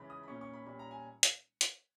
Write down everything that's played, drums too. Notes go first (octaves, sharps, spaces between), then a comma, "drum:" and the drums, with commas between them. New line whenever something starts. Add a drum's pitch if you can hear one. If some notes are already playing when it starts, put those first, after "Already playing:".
Already playing: C#3 E3 G#3 C#4 B5
D#6
B5
A#2 A#3 C#4 C#6
C#6
B5
A#2 G3 C#4 B5
A#5
G#5
drum: hi-hat
drum: hi-hat